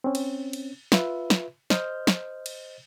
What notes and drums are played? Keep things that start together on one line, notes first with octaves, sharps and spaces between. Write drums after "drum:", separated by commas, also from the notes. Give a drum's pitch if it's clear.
C4 C#4
drum: cymbal
drum: cymbal
F4 B4 E5, drum: snare
drum: snare
C5 D#5 F6 G6, drum: snare
drum: snare
drum: cymbal